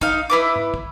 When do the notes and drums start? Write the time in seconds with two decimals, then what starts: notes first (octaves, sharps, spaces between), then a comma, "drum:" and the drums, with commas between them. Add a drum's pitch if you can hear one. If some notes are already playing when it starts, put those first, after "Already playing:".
0.01 D#4 F5, drum: kick
0.30 E4 B4 D6
0.56 drum: tom
0.74 drum: kick